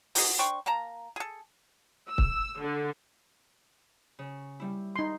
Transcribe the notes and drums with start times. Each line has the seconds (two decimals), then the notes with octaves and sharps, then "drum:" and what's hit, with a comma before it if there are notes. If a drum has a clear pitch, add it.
0.15 D#4 F#4 G#4 D#5, drum: open hi-hat
0.39 D4 C5 G5 C#6
0.66 A#3 F5 A5 A#5
1.16 G#4 A4
2.08 E6
2.18 drum: kick C#1
2.60 D3
4.19 C#3
4.60 G3 E4
4.96 D#4 C6